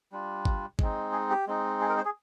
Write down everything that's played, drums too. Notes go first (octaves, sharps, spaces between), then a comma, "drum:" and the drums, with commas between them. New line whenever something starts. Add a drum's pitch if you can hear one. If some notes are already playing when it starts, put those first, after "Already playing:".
G3 D4 F4
drum: kick
G#3 C4 D#4, drum: kick
G#4
G4
G#3 C4 D#4
G#4
A#4
C5
G#4